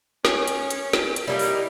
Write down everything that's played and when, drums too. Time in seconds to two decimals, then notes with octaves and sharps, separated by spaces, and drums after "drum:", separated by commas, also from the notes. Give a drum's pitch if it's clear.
0.25 C#4, drum: snare
0.48 drum: hi-hat
0.70 drum: hi-hat
0.93 drum: snare
1.16 drum: hi-hat
1.27 G3 A#3 D#4 E4
1.39 drum: open hi-hat